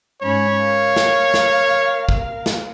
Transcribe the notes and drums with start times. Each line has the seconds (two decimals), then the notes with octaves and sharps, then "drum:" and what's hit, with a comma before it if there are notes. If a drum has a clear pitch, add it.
0.22 G#2 C#4 C#5 B5
0.63 A#4 F5
0.96 drum: snare
1.34 drum: snare
2.09 drum: kick
2.46 drum: snare